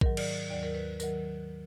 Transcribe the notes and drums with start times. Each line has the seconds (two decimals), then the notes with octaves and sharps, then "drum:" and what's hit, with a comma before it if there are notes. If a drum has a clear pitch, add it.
0.01 G#2 D#3 F#3 A#4, drum: kick A#1
0.17 D5, drum: cymbal
0.50 D#2 D#3 F#3 D5
0.63 A#4
0.75 B4
1.00 D#3 F#3 A#4, drum: tambourine